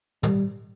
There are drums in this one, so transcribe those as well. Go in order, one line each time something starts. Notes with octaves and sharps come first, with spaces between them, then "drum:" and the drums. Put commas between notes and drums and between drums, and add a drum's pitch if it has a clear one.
G3, drum: tom